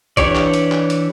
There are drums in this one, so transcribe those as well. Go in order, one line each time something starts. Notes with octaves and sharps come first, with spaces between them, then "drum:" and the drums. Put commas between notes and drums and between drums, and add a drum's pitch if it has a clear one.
E3 D4 G4 C#5 D5, drum: kick, hi-hat
drum: clap
drum: hi-hat
drum: clap
drum: hi-hat